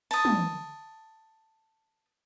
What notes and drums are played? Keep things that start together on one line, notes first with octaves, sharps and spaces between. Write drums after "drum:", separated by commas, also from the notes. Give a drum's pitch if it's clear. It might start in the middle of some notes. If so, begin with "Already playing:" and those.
A5 D#6, drum: cymbal
drum: tom